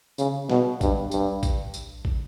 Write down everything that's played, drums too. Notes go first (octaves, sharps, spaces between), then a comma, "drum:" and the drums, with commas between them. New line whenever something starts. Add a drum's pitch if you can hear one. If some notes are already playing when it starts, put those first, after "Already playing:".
C#3, drum: tambourine
B2, drum: snare
G2, drum: kick, tambourine
G2, drum: tambourine
drum: kick, tambourine
drum: tambourine
drum: kick